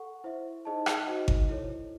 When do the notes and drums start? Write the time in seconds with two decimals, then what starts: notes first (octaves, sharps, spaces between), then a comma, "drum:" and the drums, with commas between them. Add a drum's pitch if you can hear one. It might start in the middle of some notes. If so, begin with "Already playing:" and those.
Already playing: A4 F#5 C#6
0.24 E4 C5 E5
0.65 D#4 G#4 C5 D#5 A5
0.86 drum: rim click
1.07 D#4 F#4 C5 D#5
1.28 drum: kick G#1
1.49 E4 A4 C#5